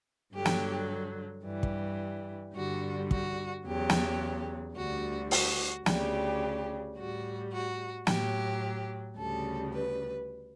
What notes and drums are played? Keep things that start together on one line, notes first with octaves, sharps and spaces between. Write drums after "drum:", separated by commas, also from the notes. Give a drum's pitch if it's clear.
G2 D3 F#3 G4
drum: snare
G2 E3 G3
drum: kick
G2 D3 G3 F#4
F#4, drum: kick
E2 C#3 F#3 G4
drum: snare
D2 D3 G3 F#4
F#4, drum: open hi-hat
D2 C#3 G3 G4, drum: snare
A2 G3 F#4
F#4
A2 F#3 G4, drum: snare
D2 C#3 G3 A4
B4